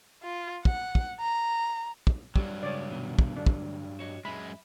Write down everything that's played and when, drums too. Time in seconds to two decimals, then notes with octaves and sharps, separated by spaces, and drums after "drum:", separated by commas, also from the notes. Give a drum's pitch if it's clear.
0.23 F4
0.65 F#5, drum: kick
0.95 drum: kick
1.21 A#5
2.07 drum: kick
2.36 G2 F#3 G3, drum: kick
2.63 C#3 G#3 C#5 D5
2.91 C2 B2 D#3
3.19 drum: kick
3.37 D2 D4
3.47 drum: kick
3.99 F#4 C#5 D#5
4.25 F#2 G#3 E5 B5